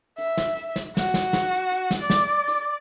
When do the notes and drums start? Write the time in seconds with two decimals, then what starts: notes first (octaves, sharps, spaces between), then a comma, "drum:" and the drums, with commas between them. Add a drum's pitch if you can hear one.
0.18 E5, drum: hi-hat
0.37 drum: snare
0.57 drum: hi-hat
0.76 drum: snare
0.97 F#4, drum: snare
1.14 drum: snare
1.33 drum: snare
1.52 drum: hi-hat
1.71 drum: hi-hat
1.91 drum: snare
2.00 D5
2.10 drum: snare
2.48 drum: hi-hat